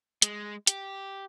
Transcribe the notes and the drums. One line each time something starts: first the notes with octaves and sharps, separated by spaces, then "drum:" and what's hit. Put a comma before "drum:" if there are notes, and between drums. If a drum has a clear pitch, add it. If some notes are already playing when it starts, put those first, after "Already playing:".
G#3, drum: hi-hat
G4, drum: hi-hat